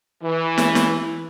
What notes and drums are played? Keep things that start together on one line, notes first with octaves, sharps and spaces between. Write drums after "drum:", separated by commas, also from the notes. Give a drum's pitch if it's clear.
E3
drum: snare
drum: snare